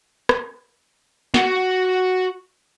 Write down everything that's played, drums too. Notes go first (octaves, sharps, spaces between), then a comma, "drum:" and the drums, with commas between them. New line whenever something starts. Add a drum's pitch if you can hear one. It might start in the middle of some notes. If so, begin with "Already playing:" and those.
drum: rim click
F#4 F#5, drum: snare